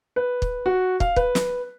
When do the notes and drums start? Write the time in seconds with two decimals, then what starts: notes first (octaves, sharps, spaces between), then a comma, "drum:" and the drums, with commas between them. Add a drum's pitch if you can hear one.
0.16 B4
0.42 drum: kick
0.66 F#4
1.00 F5, drum: kick
1.16 B4, drum: kick
1.35 drum: snare